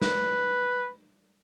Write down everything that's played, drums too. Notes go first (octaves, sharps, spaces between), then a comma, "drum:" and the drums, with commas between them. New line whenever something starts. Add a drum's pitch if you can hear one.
B4, drum: snare